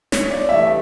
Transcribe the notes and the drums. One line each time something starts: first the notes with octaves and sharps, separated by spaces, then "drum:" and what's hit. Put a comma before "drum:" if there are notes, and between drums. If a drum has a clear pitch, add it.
C#5, drum: snare
D5
G2 E3 A3 E5